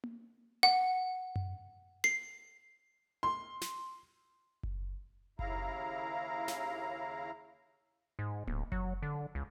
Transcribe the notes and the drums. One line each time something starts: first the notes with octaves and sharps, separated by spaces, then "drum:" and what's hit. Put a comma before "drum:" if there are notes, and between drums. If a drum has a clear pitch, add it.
drum: tom A#3
F#5
drum: tom F#2
C7
C6
drum: snare
drum: kick F#1
D#2 C#3 E4 F5 A#5, drum: kick F#1
drum: snare
G#2
D1, drum: tom A#3
F#3, drum: kick F#1
D3
C#2